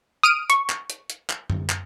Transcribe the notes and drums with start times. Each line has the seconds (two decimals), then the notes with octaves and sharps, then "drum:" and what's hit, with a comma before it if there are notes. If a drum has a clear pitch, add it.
0.23 D#6 F6 D7 D#7
0.50 C#6, drum: hi-hat
0.70 drum: clap
0.90 drum: hi-hat
1.10 drum: hi-hat
1.30 drum: clap
1.50 drum: tom F#2
1.70 drum: clap